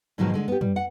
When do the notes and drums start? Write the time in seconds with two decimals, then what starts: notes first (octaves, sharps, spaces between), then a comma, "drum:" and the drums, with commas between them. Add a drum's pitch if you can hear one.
0.18 G#2 B2 D#3 F3 F#3 G#3
0.34 D3 G#3
0.48 B3 G4
0.61 G3, drum: tom
0.76 F#5